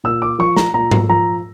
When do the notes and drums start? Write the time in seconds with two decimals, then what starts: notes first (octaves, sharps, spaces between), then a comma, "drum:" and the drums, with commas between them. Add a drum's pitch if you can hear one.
0.04 A#2 E6
0.22 D6
0.39 F3 C#6
0.56 A#5, drum: snare
0.74 A#2 A#5
0.91 drum: tom G#2
1.09 F3 A#5